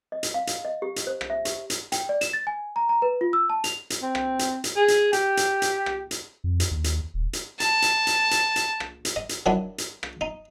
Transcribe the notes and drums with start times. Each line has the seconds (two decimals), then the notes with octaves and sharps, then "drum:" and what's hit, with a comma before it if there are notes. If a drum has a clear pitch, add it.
0.12 D#5
0.23 drum: hi-hat
0.34 F5
0.47 drum: hi-hat
0.65 D#5
0.82 G4
0.96 drum: hi-hat
1.07 C5
1.21 drum: rim click
1.30 E5
1.45 G4, drum: hi-hat
1.70 drum: hi-hat
1.92 G5, drum: hi-hat
2.09 D5
2.21 E7, drum: hi-hat
2.33 A6
2.47 G#5
2.76 A#5
2.89 A#5
3.02 B4
3.21 F4
3.33 E6
3.50 A5
3.64 F7, drum: hi-hat
3.90 drum: hi-hat
4.02 C4
4.15 drum: rim click
4.39 drum: hi-hat
4.64 drum: hi-hat
4.76 G#4
4.88 drum: hi-hat
5.13 G4, drum: hi-hat
5.37 drum: hi-hat
5.62 drum: hi-hat
5.86 drum: rim click
6.11 drum: hi-hat
6.44 F2
6.60 drum: hi-hat
6.71 D#2
6.84 drum: hi-hat
7.14 D#1
7.33 drum: hi-hat
7.60 A5, drum: hi-hat
7.82 drum: hi-hat
8.07 drum: hi-hat
8.31 drum: hi-hat
8.56 drum: hi-hat
8.80 drum: rim click
9.05 drum: hi-hat
9.16 D#5
9.29 drum: hi-hat
9.46 D#3 F#3 D4 E4
9.78 drum: hi-hat
10.03 drum: rim click
10.21 D#4